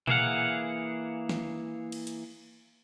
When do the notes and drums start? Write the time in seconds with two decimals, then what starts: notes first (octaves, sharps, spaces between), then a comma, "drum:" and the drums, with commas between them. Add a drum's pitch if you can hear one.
0.07 E3 A#3 G#4 F5 F#5, drum: tom A#2
1.29 drum: snare
1.92 drum: cymbal
2.07 drum: hi-hat